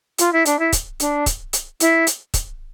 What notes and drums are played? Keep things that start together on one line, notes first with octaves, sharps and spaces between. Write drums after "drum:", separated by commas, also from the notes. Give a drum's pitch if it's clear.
F4, drum: hi-hat
E4
D4, drum: hi-hat
E4
drum: kick, hi-hat
D4, drum: hi-hat
drum: kick, hi-hat
drum: hi-hat
E4, drum: hi-hat
drum: hi-hat
drum: kick, hi-hat